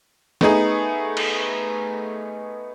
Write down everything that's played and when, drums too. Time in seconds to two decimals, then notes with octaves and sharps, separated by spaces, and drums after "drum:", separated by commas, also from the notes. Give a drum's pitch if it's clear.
0.41 A3 B3 D#4 G#4, drum: snare
1.17 drum: cymbal